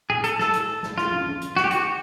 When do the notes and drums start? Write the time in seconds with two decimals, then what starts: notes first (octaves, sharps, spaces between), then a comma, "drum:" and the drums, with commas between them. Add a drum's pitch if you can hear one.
0.10 G#4, drum: tom A#2
0.24 A4, drum: hi-hat
0.39 A4, drum: snare
0.54 drum: hi-hat
0.83 drum: snare
0.98 F4, drum: snare
1.12 drum: tom
1.27 drum: tom
1.42 drum: hi-hat
1.57 F#4, drum: snare
1.64 G4
1.71 F#4, drum: hi-hat